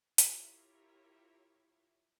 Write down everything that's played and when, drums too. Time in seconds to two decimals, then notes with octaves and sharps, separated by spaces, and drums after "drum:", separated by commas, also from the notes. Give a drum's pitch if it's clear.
0.18 E4 F4 G4 A#4 C#5 E5, drum: hi-hat